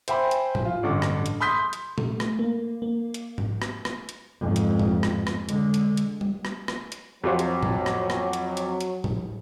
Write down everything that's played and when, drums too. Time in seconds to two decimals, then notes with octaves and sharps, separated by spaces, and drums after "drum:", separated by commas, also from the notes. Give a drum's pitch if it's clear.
0.08 C5 E5 G5 G#5 B5, drum: hi-hat
0.31 drum: hi-hat
0.55 drum: tom A2
0.65 F4
0.83 A1 G2 D3
1.02 drum: rim click
1.26 drum: hi-hat
1.40 B5 C6 D#6 G6 B6
1.73 drum: hi-hat
1.98 A3, drum: tom A#2
2.20 drum: rim click
2.39 A#3
2.82 A#3
3.14 drum: hi-hat
3.38 drum: tom G#2
3.62 drum: rim click
3.85 drum: rim click
4.09 drum: hi-hat
4.41 F2 G#2
4.56 drum: hi-hat
4.80 drum: tom A2
5.03 drum: rim click
5.27 drum: rim click
5.49 D3 G#3, drum: hi-hat
5.74 drum: hi-hat
5.97 drum: hi-hat
6.21 drum: tom G3
6.45 drum: rim click
6.68 drum: rim click
6.92 drum: hi-hat
7.24 F2 F#3 F4 F#4 C5
7.39 drum: hi-hat
7.63 drum: tom A2
7.86 drum: rim click
8.10 drum: rim click
8.33 drum: hi-hat
8.57 drum: hi-hat
8.81 drum: hi-hat
9.04 drum: tom A2